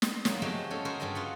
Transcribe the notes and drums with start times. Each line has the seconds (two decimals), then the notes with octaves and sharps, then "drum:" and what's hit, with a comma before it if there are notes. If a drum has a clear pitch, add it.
0.02 drum: snare
0.25 F#3 A#3, drum: snare
0.42 F3 G#3 A3 C4 F#4 G4
0.71 C#4 G#4 A4
0.85 F#4 G#4 A#4 C5
1.00 G2 G3 G#4 A4 D#5
1.15 F4 F#4 F#5